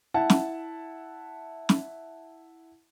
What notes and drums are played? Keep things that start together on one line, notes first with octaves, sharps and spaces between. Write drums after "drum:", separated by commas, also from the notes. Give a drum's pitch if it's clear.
E4 F#5 A5
drum: snare
drum: snare